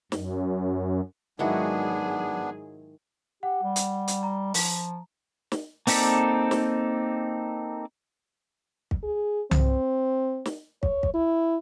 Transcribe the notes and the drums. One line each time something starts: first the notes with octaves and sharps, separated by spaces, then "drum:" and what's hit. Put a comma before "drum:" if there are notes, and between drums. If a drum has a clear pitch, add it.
F#2, drum: snare
G#2 D#3 F#3 B3 D4 E4 F#4 G#4
G4 F#5
G3
drum: hi-hat
drum: hi-hat
A#5
F3, drum: open hi-hat
drum: snare
A#3 C4 D#4 A4 D5, drum: open hi-hat
drum: snare
drum: kick
G#4
C4, drum: tom C2
drum: snare
C#5, drum: kick
drum: kick
E4